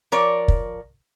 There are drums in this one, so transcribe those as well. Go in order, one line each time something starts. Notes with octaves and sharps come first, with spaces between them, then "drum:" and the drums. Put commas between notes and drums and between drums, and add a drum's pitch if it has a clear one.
F3 A#4 C#5 D5
drum: kick